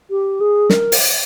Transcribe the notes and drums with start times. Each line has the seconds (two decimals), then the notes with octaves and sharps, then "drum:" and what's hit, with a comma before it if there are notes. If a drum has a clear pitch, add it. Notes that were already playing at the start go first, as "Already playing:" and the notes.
0.10 G4
0.40 G#4
0.70 A#4, drum: snare
0.92 drum: open hi-hat